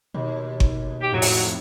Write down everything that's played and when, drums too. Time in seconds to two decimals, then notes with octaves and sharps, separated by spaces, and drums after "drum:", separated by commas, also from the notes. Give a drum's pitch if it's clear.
0.14 D#2 B2
0.60 drum: kick G1
1.00 G4
1.13 F2 A2 F#3
1.22 drum: open hi-hat